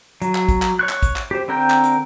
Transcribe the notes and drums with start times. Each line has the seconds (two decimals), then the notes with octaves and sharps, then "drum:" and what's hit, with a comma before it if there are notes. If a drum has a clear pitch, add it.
0.22 F#3, drum: hi-hat
0.35 drum: clap
0.49 drum: kick, hi-hat
0.62 drum: clap
0.79 C#5 C#6 F#6
0.89 drum: clap
1.03 drum: kick, hi-hat
1.16 drum: clap
1.31 G4 C5
1.48 D3 C4 A#4 G5 G6
1.70 drum: clap
1.84 drum: hi-hat